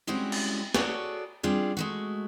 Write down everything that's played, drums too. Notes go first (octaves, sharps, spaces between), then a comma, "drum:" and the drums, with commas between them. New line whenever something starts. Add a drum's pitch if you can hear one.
G3 G#3 C4 C#4 E4 F#4
drum: cymbal
F#4 G#4 A4 C#5 D5, drum: snare
G3 C4 D4 F4 G#4
G#3 A3 F#4